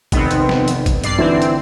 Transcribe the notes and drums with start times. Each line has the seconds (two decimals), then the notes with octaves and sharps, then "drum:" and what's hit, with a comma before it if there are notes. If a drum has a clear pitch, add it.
0.12 F1 D#3 B3 C4, drum: kick, hi-hat
0.31 drum: hi-hat
0.49 drum: snare
0.68 drum: hi-hat
0.86 drum: kick, hi-hat
1.04 G2 D5 C7, drum: hi-hat
1.18 D3 E3 C4 E4
1.42 drum: hi-hat